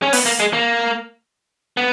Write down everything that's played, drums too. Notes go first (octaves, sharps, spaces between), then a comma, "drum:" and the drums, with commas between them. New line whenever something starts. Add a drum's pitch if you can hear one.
C#4
B3, drum: open hi-hat
A#3
G#3
A#3
B3